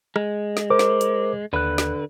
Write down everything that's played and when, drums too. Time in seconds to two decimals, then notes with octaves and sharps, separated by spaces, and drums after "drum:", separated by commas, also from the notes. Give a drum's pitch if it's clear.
0.16 G#3, drum: rim click
0.57 drum: snare
0.70 A#4 C5 D6
0.79 drum: snare
1.01 drum: hi-hat
1.53 D#2 D3 B4 F#6
1.78 drum: snare